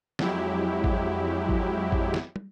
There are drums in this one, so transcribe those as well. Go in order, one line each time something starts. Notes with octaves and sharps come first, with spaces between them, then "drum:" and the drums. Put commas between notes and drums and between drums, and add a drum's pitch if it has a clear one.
F2 F#3 G#3 E4 G4, drum: snare
drum: kick G#1
drum: kick G#1
drum: kick G#1
drum: snare
drum: tom